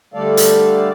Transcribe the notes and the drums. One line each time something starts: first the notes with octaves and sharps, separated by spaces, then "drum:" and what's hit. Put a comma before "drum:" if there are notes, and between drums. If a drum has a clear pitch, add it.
D3 G3 A3 A4 D5 F5
drum: hi-hat